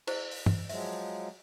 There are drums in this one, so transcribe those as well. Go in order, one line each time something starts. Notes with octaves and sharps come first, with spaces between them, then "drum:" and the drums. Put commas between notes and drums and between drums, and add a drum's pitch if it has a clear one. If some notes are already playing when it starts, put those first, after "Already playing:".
E4 G#4 C5, drum: cymbal
drum: open hi-hat
drum: tom G2
F3 F#3 G#3 E5, drum: open hi-hat